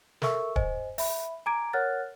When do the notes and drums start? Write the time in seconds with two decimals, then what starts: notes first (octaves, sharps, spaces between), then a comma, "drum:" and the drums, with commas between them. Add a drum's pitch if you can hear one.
0.22 A4 A#4 E5 C#6 E6, drum: snare
0.56 C5 D#5 G#5, drum: kick D1
0.98 E5 B5, drum: open hi-hat
1.46 G#5 A#5 D6 G#6 D7
1.73 A#4 C#5 F#5 F6 F#6 A6